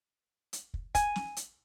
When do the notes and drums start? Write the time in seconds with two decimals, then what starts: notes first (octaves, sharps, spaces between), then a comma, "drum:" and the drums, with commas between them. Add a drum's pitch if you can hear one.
0.53 drum: hi-hat
0.74 drum: kick
0.95 G#5, drum: kick, hi-hat
1.16 drum: snare
1.37 drum: hi-hat